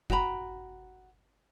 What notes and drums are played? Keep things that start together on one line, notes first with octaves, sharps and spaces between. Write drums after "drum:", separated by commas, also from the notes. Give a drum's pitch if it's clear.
F#4 G5 A#5 B5, drum: kick F1